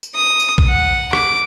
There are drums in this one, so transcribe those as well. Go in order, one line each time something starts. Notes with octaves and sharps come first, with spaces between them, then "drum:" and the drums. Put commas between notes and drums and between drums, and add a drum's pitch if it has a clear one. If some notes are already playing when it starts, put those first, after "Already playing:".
drum: tambourine
D#6
drum: tambourine
drum: kick A#1
F#5
D6, drum: rim click